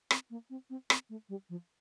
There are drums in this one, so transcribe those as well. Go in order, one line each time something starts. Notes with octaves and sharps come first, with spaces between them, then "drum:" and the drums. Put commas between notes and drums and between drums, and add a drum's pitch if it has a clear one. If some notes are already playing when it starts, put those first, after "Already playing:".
C4, drum: rim click
A#3
C4
C4
C4, drum: rim click
A3
G3
F3